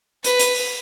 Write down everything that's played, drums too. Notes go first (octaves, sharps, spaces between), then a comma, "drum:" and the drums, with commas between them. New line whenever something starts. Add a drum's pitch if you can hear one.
B4, drum: hi-hat
drum: hi-hat
drum: open hi-hat